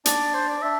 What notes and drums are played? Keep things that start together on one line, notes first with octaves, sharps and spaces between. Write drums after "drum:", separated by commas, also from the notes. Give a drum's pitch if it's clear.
D4 D5, drum: hi-hat
C5
D5
D4 E5